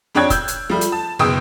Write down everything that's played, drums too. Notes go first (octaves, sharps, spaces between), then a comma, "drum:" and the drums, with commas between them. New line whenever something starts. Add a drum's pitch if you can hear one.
F2 D4 C#5 G5 F#6 G#6
E6 G6, drum: kick, hi-hat
drum: hi-hat
F3 G3 A3
drum: hi-hat
A5
F#1 B2 G#4 G5 D#6 E6